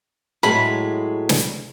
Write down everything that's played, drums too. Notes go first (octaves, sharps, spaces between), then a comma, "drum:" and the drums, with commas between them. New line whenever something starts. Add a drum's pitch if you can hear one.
A2 F#3 G#3 B5
drum: snare